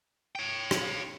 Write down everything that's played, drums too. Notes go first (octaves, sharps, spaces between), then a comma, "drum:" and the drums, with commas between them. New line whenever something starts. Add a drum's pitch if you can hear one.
C#5 G5
drum: rim click